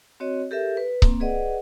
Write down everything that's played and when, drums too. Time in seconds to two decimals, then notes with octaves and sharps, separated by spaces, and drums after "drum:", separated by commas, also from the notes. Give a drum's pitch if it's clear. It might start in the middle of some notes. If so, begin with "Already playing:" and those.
0.20 C4 F#4 C#5 D#5
0.51 G4 A4 A#4 E5
0.77 B4
1.02 A#3 C4, drum: kick C#1
1.20 G#4 B4 D5 D#5 F#5